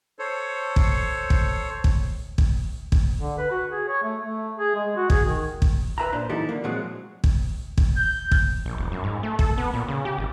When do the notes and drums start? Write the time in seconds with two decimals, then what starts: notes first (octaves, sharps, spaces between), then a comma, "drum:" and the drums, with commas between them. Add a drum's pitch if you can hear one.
0.19 A4 C5 C#5
0.76 drum: kick
1.30 drum: kick
1.84 drum: kick
2.38 drum: kick
2.92 drum: kick
3.20 D3
3.38 B4
3.51 F#4
3.69 G#4
3.88 C#5
4.03 A3
4.22 A3
4.58 G#4
4.75 G#3
4.96 F#4
5.10 G#4, drum: kick
5.25 D#3
5.62 drum: kick
5.98 B4 E5 A#5
6.12 A#2 D4 C5
6.29 E3 F#3 D#4 E4 G4 A4
6.49 D3 A#3
6.64 A#2 F3 F#3 G#3 C4
7.24 drum: kick
7.78 drum: kick
7.97 G6
8.31 drum: kick
8.66 A#1
8.78 E1
8.92 F#2
9.04 G#2
9.23 A3
9.39 A4, drum: kick
9.58 B3
9.74 A#2
9.88 C#3
10.05 G4
10.18 G#1